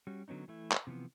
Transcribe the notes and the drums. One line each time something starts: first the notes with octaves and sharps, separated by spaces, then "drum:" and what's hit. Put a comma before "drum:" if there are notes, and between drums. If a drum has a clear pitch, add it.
G3 C#4 F#4
D3 F#3 B3 C#4 D#4
E3 A3 E4
drum: clap
C3 E3 F3 B3